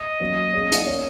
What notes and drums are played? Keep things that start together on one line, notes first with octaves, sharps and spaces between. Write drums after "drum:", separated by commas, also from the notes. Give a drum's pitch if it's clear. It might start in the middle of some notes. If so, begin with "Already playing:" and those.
Already playing: D#5
F#3 A#3 C#4 F#4 C#5
A#3 C#4 G#4 C#5
drum: hi-hat
A#3 C#4 A#4 C#5